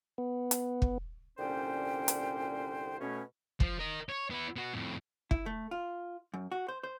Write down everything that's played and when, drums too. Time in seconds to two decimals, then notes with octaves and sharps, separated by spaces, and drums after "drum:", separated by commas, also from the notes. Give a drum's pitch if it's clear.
0.18 B3
0.51 drum: hi-hat
0.82 drum: kick
1.38 C2 A#2 D3 C#4 C5 G5
2.08 drum: hi-hat
3.00 B2 A3 C#4
3.60 F3, drum: kick
3.79 A#4 D#5
4.09 C#5
4.30 B3 E4
4.56 B3 F#4
4.73 F2 A2
5.31 E4, drum: kick
5.46 A3
5.71 F4
6.34 F#2
6.52 F#4
6.68 C5
6.84 C5